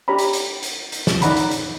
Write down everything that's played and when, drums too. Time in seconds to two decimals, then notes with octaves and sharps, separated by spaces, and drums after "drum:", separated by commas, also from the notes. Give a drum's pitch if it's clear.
0.08 D4 G4 C#5 D5 A#5 B5
0.19 drum: hi-hat
0.33 drum: hi-hat
0.63 drum: hi-hat
0.92 drum: hi-hat
1.07 drum: snare
1.22 D#4 C#5 D5 F#5 A#5 B5, drum: hi-hat
1.37 drum: hi-hat
1.51 drum: hi-hat